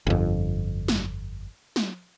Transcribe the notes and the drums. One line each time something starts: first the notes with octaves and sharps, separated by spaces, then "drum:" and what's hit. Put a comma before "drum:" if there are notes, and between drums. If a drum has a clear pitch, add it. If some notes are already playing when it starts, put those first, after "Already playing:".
G1 F2
drum: snare
drum: snare